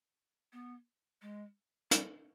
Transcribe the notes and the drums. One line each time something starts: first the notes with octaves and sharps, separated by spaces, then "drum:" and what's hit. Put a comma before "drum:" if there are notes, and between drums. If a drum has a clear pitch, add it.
B3
G#3
G3, drum: hi-hat